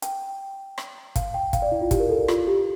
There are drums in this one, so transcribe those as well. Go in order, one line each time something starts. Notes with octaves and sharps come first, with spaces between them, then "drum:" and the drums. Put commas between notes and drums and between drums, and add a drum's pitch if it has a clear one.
G5, drum: hi-hat
drum: rim click
F5, drum: kick, hi-hat
G5
F5, drum: kick, hi-hat
D5
E4
F4
G4, drum: kick, hi-hat
A#4
A4
F4, drum: rim click
G4